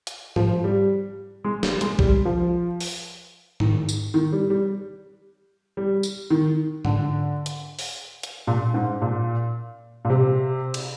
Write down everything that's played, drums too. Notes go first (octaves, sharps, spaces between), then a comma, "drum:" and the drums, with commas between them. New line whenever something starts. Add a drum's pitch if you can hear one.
drum: hi-hat
F3, drum: tom G#2
G3
G#3
G3, drum: snare
G#3, drum: hi-hat
G3, drum: kick B1
F3
drum: open hi-hat
D#3, drum: tom G#2
drum: tambourine
D#3
G3
G3
G3
drum: tambourine
D#3
D3, drum: tom G#2
drum: hi-hat
drum: open hi-hat
drum: hi-hat
A#2
G#2
A#2
A#2
C3
drum: cymbal